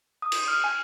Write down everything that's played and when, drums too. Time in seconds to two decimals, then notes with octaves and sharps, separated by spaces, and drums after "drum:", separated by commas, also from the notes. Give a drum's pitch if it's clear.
0.22 D#6
0.32 drum: cymbal
0.48 F6
0.64 G#5